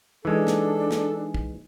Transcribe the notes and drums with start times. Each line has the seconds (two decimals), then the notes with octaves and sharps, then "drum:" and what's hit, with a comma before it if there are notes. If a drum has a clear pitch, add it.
0.25 E3 G#3 D4 D#4 A4 G#5
0.47 drum: snare
0.91 drum: snare
1.34 drum: kick